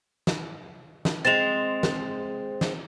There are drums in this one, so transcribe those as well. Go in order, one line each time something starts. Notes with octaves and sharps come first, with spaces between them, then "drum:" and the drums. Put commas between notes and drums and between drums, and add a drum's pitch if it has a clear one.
drum: snare
drum: snare
G#3 C4 A6 E7 F7
drum: snare
drum: snare